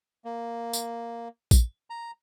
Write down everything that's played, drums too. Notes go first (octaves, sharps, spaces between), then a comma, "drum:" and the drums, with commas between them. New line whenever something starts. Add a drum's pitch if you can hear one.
A#3
drum: tambourine
drum: kick A#1, tambourine
A#5